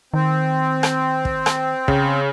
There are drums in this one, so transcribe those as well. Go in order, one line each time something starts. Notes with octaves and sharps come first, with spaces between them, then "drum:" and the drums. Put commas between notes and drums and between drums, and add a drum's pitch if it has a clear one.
D#3 C4
drum: rim click
drum: kick
drum: rim click
C#3, drum: kick